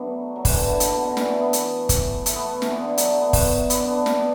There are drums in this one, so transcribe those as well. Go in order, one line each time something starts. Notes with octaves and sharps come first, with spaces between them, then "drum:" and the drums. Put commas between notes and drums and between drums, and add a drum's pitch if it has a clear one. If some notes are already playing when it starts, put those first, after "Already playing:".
Already playing: F#3 A3 B3 D4
F#3
E3, drum: kick, open hi-hat
D3
D3
B2, drum: hi-hat
B2
D3
E3, drum: snare
A3
B3
drum: hi-hat
drum: kick, hi-hat
A3, drum: hi-hat
B3
A3
E3, drum: snare
D3
D3
F#3, drum: hi-hat
A3
B3
A3, drum: kick, open hi-hat
B3, drum: hi-hat
D4
B3
drum: snare